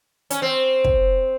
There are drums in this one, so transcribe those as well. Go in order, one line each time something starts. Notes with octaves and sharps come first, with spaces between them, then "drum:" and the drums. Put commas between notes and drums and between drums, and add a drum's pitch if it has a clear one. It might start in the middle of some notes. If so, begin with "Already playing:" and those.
C#4, drum: hi-hat
C4
drum: kick